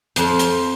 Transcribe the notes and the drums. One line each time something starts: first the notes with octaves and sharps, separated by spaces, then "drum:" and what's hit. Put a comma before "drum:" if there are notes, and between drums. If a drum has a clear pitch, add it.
F2 C5, drum: hi-hat
drum: hi-hat